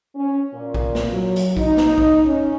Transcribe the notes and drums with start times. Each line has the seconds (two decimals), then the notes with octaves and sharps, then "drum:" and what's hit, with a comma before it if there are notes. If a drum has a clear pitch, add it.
0.16 C#4
0.54 A#2
0.74 drum: kick
0.95 drum: snare
1.10 F#3
1.36 drum: hi-hat
1.57 D#4, drum: kick
1.77 drum: snare
1.98 drum: kick
2.25 C#4